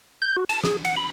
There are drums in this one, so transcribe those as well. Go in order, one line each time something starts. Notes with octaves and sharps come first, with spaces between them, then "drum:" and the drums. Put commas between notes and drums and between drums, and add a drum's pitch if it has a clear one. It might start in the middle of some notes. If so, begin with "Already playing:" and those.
G6
F#4
A5, drum: cymbal
G#4, drum: snare
F#5, drum: cymbal
B5